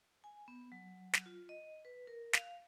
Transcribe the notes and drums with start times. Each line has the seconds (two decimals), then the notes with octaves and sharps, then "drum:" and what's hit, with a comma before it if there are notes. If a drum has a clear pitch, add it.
0.24 G#5
0.48 B3
0.72 F#3
1.13 drum: snare
1.26 F4
1.49 D#5
1.85 B4
2.07 A#4
2.33 F5, drum: snare